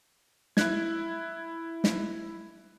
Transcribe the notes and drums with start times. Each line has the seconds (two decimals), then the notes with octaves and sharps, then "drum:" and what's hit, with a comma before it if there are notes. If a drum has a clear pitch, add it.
0.57 E4 F#6 G#6, drum: snare
1.84 drum: snare